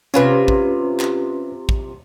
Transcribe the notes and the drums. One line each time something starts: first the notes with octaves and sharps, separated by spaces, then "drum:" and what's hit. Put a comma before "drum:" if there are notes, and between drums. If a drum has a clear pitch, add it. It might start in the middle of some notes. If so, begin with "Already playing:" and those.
C3 C#4 F4 B4 G#5
drum: kick
drum: clap
drum: kick